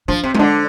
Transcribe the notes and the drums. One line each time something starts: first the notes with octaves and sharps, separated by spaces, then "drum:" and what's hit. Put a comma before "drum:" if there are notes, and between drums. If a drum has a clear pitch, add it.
F3 D4
C3 C4
C3, drum: tom G#3
D3 D4